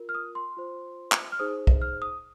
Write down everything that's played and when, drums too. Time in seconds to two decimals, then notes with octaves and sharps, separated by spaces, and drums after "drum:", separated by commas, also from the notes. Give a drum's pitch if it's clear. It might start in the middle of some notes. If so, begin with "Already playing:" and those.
Already playing: F4 A#4
0.09 F6
0.15 D#6
0.35 C6
0.57 F4 C5
1.12 drum: clap
1.32 F6
1.39 D#4 G#4 C5 D#6
1.67 drum: kick
1.82 F6
2.02 D#6